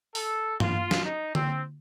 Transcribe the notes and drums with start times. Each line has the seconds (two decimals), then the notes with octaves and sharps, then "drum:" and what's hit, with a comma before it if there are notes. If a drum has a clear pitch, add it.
0.15 A4, drum: open hi-hat
0.60 F4, drum: tom G2
0.91 drum: snare
1.05 D#4
1.35 C4, drum: tom D3